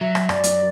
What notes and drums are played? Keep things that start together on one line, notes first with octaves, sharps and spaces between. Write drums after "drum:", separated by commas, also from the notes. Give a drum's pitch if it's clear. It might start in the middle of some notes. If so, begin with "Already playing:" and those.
F#3 E5
drum: rim click
F#2 D5, drum: rim click
drum: hi-hat